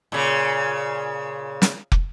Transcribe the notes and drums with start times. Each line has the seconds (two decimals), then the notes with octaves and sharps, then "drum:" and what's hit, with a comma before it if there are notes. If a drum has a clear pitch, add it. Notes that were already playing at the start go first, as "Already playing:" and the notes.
0.12 A#2 C#3
1.62 drum: snare
1.92 drum: kick